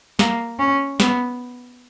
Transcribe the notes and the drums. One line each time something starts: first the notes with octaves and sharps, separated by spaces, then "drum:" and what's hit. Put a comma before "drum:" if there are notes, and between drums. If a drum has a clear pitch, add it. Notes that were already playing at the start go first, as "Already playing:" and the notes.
A#3, drum: snare
C#4
B3, drum: snare